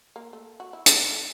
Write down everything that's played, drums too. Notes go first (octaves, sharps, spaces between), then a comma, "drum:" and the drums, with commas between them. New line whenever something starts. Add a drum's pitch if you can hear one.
A#3
A3
F#4
E4
D#4, drum: hi-hat
D5
E4